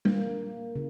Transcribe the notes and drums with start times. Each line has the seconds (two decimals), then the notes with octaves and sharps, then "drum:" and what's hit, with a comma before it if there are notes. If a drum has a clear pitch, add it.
0.05 A#3, drum: tom G3
0.76 C#3